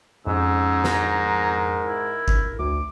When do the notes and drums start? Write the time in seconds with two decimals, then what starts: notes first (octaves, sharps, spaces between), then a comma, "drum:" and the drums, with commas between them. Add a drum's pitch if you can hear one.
0.27 F2 G#2 C#4 E6
0.84 A#4 A#5, drum: snare
1.86 E4
2.28 drum: kick G1
2.59 D2 D6